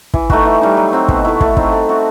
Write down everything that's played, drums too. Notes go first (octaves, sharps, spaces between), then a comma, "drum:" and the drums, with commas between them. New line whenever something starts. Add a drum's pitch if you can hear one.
E3, drum: kick
A3 D#4 F#4, drum: kick
E3
G3 D#4
F#3
C4 F#4
B2, drum: kick
A3 E4
A3, drum: kick
C4 D#4, drum: kick
A3
C4 F#4